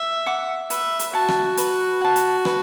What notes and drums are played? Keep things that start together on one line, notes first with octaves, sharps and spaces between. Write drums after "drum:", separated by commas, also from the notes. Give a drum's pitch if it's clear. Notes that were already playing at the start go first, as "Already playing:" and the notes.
Already playing: E5
F#5 D6
B4 E5, drum: hi-hat
drum: hi-hat
F#4 F#5 A5
drum: rim click
B4, drum: hi-hat
F#5 A5
drum: hi-hat
B4, drum: rim click